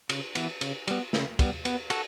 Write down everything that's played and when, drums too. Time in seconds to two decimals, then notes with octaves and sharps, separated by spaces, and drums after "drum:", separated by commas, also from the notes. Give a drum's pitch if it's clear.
0.09 C#3, drum: cymbal
0.35 E3 B3, drum: cymbal
0.61 C#3, drum: cymbal
0.88 G3 B3, drum: cymbal
1.13 C#3, drum: snare
1.39 G3 B3, drum: kick, cymbal
1.65 B3, drum: cymbal
1.90 F#4 A4, drum: cymbal